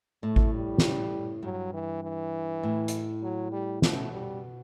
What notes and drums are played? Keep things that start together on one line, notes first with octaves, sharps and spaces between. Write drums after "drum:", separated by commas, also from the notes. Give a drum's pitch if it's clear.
A2 A3
drum: kick G#1
G3
drum: snare
G2 F#3
E3
E3
A2
drum: hi-hat
F#3
G3
B2 A3, drum: snare
G3